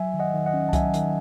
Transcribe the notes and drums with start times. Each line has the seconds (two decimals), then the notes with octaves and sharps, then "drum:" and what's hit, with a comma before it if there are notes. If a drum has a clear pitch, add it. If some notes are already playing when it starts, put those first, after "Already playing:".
Already playing: F#3 E5 G#5
0.14 D#3
0.20 D#5 F#5
0.34 D#3
0.46 D#5 F#5
0.53 C#4
0.69 A5
0.73 F#3 E5 G#5, drum: kick C2, hi-hat
0.94 D#3, drum: hi-hat